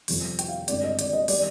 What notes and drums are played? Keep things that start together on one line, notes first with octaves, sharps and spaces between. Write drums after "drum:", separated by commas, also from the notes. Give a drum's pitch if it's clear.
F2 C3 G3, drum: open hi-hat
G5, drum: hi-hat
F5
G2 D3 G#3 C4 D5, drum: hi-hat
D#5
D5, drum: hi-hat
D#5
D#3 G3 D5, drum: open hi-hat